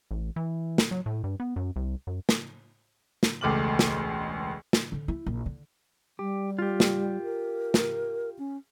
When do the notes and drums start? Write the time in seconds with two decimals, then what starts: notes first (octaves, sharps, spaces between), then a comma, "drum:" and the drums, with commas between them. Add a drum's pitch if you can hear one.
0.11 A1
0.36 E3
0.78 drum: snare
0.91 F#3
1.06 A2
1.24 G2
1.40 B3
1.56 F#2
1.76 C2
2.07 F#2
2.29 drum: snare
3.23 drum: snare
3.41 E1 C#2 A3 D6 F6 F#7
3.79 drum: snare
4.73 drum: snare
4.92 D3
5.08 E4
5.26 A#1
5.46 D3
6.19 G3 G4
6.59 F4 G4
6.80 drum: snare
7.23 A#4
7.74 drum: snare
8.39 C#4